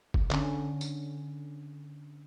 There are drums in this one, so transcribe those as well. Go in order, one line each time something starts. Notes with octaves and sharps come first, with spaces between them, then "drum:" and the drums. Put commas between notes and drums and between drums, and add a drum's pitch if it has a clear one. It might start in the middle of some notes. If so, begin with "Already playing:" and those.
drum: kick F#1
D3 C#4, drum: clap
drum: tambourine